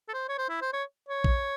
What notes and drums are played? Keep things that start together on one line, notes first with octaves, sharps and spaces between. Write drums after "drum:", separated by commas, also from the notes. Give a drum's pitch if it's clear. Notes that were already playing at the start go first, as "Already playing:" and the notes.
A4
C5
C#5
C5
E4
C5
C#5
C#5
drum: kick A#1